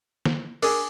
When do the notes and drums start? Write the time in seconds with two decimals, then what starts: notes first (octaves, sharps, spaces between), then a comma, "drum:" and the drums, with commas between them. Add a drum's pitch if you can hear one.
0.25 drum: snare
0.63 D4 G#4 A#4, drum: open hi-hat